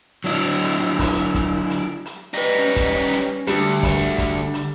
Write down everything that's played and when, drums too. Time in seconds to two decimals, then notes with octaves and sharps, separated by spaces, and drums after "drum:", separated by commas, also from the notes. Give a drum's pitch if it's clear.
0.24 F#3 D4 E4
0.64 drum: hi-hat
0.99 drum: kick, open hi-hat
1.35 drum: kick, hi-hat
1.70 drum: hi-hat
2.05 drum: hi-hat
2.34 G3 D#4 B4 A#6
2.58 C#4
2.76 drum: kick, hi-hat
3.12 drum: hi-hat
3.47 D2 D3 G3 C#7, drum: hi-hat
3.83 drum: kick, open hi-hat
4.18 drum: kick, hi-hat
4.54 drum: hi-hat